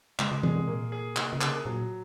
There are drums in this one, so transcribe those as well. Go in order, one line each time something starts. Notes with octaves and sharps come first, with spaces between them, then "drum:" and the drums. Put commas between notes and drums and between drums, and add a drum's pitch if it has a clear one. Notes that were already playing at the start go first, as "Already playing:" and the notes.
C#3 G#3, drum: clap
C#3
C3 G#4, drum: tom
C3
A#2 A#3
G#4
C3 A#3, drum: clap
C#3
G#4, drum: clap
A#2 F#3